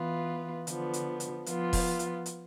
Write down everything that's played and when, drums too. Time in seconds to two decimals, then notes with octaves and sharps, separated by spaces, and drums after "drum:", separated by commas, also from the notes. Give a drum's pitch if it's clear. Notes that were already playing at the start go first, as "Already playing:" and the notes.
Already playing: E3 B3 F4 B4
0.67 D3 F3 B3, drum: hi-hat
0.93 drum: hi-hat
1.20 drum: hi-hat
1.46 F3 B3 F4, drum: hi-hat
1.73 drum: kick E1, open hi-hat
1.99 drum: hi-hat
2.26 drum: hi-hat